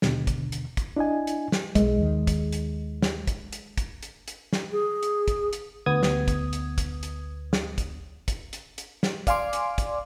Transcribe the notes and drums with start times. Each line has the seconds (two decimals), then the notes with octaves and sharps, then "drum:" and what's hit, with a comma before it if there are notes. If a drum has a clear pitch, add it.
0.02 D#2 B2 D3, drum: snare
0.27 drum: kick, hi-hat
0.52 drum: hi-hat
0.77 drum: kick, hi-hat
0.96 D4 E4 D#5 G#5
1.27 drum: hi-hat
1.52 drum: snare
1.75 B1 G#3, drum: kick, hi-hat
1.98 D#2 D#3
2.27 drum: kick, hi-hat
2.52 drum: hi-hat
3.02 drum: snare
3.27 drum: kick, hi-hat
3.52 drum: hi-hat
3.78 drum: kick, hi-hat
4.03 drum: hi-hat
4.28 drum: hi-hat
4.53 drum: snare
4.72 G#4
5.03 drum: hi-hat
5.28 drum: kick, hi-hat
5.53 drum: hi-hat
5.86 D2 B3 D#6 G#6
6.03 drum: snare
6.28 drum: kick, hi-hat
6.53 drum: hi-hat
6.78 drum: kick, hi-hat
7.03 drum: hi-hat
7.53 drum: snare
7.78 drum: kick, hi-hat
8.28 drum: kick, hi-hat
8.53 drum: hi-hat
8.78 drum: hi-hat
9.03 drum: snare
9.27 D5 F5 G#5 C6 D6, drum: kick, hi-hat
9.53 drum: hi-hat
9.78 drum: kick, hi-hat